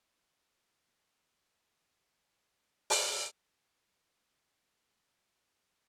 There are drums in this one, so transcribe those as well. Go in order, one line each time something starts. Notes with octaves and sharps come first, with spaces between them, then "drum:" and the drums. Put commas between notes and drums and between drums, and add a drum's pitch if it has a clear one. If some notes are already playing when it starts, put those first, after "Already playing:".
A#2
G#2
G#2
A#2
G#2
drum: open hi-hat
F#2
F#2
G#2